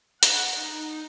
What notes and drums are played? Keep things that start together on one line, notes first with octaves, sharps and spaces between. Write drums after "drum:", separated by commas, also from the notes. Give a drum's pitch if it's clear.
F#5, drum: hi-hat
D#4